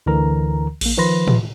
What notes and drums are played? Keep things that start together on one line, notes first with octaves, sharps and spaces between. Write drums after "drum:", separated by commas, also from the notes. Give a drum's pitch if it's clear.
D2 D3 E3 A#4 A#5
A#1 A#3, drum: cymbal
D#3 F3 B4 B5 C6 A#6
drum: tom A2